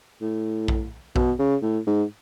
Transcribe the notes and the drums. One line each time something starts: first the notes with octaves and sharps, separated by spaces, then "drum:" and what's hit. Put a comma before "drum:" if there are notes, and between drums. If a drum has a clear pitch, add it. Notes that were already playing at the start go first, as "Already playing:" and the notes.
A2
drum: kick A#1
B2, drum: kick A#1
C#3
A2
G#2